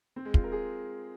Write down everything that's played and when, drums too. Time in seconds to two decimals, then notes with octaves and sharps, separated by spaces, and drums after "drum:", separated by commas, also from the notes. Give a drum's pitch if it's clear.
0.16 C4
0.25 G#3
0.34 F4, drum: kick
0.44 A#4
0.52 G#4